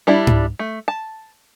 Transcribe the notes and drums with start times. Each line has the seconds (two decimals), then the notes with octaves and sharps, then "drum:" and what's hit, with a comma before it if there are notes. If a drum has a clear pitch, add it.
0.07 G3 D4 E4
0.27 drum: tom G#2
0.59 A3
0.88 A5